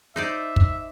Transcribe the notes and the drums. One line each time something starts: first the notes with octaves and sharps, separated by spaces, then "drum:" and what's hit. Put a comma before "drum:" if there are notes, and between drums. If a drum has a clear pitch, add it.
D#4 C5 D5 E5
drum: kick